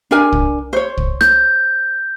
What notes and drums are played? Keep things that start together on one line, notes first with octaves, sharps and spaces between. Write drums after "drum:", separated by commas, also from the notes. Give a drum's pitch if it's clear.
D4 A#4 G#5
drum: kick
C5 C#5
drum: kick
G6, drum: rim click